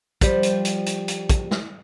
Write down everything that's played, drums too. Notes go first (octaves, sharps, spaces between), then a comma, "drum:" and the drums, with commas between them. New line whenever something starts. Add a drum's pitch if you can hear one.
F3 G3, drum: kick, hi-hat
drum: hi-hat
drum: hi-hat
drum: hi-hat
drum: hi-hat
drum: kick, hi-hat
drum: snare